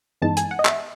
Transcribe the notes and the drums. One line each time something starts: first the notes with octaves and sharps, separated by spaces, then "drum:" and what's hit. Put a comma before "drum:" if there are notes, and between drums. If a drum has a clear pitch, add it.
G2 E3 G#3 B3 D#4 A5
G#5, drum: hi-hat
F#5
D#5
E5, drum: clap